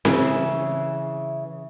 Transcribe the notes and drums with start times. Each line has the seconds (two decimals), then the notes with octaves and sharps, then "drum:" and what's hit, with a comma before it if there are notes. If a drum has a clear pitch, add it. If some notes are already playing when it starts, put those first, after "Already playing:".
0.05 C#3 E3 C#4, drum: snare C4